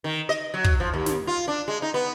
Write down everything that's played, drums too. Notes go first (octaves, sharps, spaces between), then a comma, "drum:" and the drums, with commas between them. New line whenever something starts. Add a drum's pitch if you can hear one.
D#3
D#5
F#3
drum: kick
F3
D#2
drum: snare
F4
D4
G#3
D#4
B3